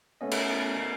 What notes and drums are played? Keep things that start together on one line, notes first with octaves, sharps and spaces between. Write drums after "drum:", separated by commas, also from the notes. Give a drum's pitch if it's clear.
A3 B3 C#4 D#5
drum: cymbal